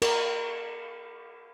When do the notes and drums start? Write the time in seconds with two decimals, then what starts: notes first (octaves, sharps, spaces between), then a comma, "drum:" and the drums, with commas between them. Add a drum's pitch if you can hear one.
0.02 A#4, drum: cymbal